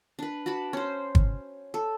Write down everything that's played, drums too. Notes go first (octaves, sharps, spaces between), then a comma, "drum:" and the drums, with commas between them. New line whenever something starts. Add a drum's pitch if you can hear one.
D4 B4
F#4 D5 A5 B5
C#4 C5
drum: kick
A4